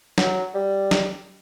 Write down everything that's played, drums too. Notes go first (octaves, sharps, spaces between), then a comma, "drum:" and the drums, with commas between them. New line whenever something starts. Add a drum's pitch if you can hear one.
F#3, drum: snare
G3
drum: snare